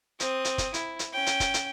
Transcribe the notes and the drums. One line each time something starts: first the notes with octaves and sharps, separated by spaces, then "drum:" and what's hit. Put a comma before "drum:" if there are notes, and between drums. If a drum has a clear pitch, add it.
C4 D#6, drum: hi-hat
drum: hi-hat
drum: kick, hi-hat
E4, drum: hi-hat
drum: hi-hat
C#4 G5
drum: hi-hat
drum: kick, hi-hat
drum: hi-hat